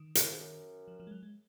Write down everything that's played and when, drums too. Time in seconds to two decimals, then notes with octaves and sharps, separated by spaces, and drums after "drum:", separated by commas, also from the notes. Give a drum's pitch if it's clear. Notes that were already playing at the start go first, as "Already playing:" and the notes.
Already playing: D#3
0.15 F#2, drum: hi-hat
0.32 G#2
0.40 F#2
0.88 F3
1.00 F3
1.07 G#3
1.11 F#3
1.23 G#3